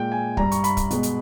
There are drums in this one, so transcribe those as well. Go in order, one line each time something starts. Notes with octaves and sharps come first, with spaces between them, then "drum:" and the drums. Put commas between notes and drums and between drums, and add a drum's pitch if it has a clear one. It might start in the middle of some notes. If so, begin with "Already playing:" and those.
Already playing: A#2 G#3 G5
G#5
G2 G3 A#5, drum: kick
C#6, drum: hi-hat
B5, drum: hi-hat
drum: kick, hi-hat
B2 G#3, drum: hi-hat
drum: hi-hat